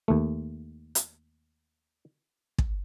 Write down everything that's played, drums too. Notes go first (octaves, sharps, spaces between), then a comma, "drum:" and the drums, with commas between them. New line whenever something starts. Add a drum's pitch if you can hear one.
D#2 A3
drum: hi-hat
drum: kick